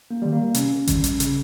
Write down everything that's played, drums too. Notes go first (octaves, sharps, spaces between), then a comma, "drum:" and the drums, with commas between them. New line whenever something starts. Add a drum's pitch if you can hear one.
A#3
D#3 G3
A#3
C3 C#4, drum: hi-hat
D#3 G3, drum: kick A1, hi-hat
drum: hi-hat
C#3, drum: hi-hat